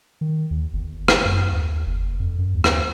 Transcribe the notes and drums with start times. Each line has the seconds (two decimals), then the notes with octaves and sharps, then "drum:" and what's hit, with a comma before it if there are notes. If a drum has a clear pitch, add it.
0.21 D#3
0.51 D#2
0.73 G1
1.08 drum: rim click
1.25 F#2
1.52 D#2
1.86 F#1
2.20 F2
2.38 F#2
2.55 D#2
2.64 drum: rim click